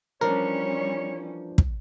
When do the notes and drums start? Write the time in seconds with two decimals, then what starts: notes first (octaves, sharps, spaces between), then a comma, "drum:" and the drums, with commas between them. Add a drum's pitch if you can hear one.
0.21 E3 F3 G3 C#4 D4 A#4 C#5
1.58 drum: kick